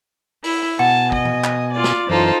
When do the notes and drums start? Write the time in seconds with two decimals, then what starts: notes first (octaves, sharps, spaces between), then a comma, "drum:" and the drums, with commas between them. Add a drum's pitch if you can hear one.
0.44 E4, drum: open hi-hat
0.79 B2 F#5 G#5 A5
1.12 D#5, drum: kick
1.25 drum: tom
1.44 drum: clap
1.73 F4 D5
1.84 drum: snare
2.09 F#2 E3 D#4 F4 A4 C5